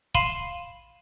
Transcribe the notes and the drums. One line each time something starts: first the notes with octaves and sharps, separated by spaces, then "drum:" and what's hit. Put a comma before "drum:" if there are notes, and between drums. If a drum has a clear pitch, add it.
F5 B5 C6 C7 D#7 E7, drum: kick